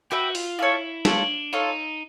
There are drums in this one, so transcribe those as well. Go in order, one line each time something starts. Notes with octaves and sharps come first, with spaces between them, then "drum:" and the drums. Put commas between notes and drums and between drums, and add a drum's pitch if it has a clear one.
F#4 G4 B4 E5 G5
F4, drum: open hi-hat
E4 F4 A4 C#5
D4 F4 A4 C#5, drum: snare
D#4 F4 A4 C#5